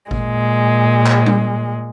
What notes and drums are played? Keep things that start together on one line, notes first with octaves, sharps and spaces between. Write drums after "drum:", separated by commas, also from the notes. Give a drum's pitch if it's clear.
A#2 G#3, drum: kick G#1
drum: clap
drum: tom G3